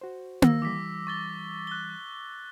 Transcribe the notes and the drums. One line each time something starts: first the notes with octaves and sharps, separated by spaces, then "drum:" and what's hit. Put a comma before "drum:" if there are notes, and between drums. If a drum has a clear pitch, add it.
F#4 C5
E6 A#6, drum: tom A#3
E3 G3 D6 A#6 B6
C#6 A6 G7
F#6 G7